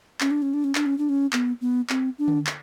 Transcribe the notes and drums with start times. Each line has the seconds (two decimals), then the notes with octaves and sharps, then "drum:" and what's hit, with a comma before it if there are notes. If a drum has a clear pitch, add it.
0.21 C#4, drum: clap
0.31 D4
0.42 C#4
0.54 D4
0.64 C#4
0.75 D4, drum: clap
0.86 C#4
0.98 D4
1.09 C#4
1.33 B3, drum: clap
1.61 B3
1.90 C4, drum: clap
2.19 D4
2.28 drum: tom D3
2.47 drum: clap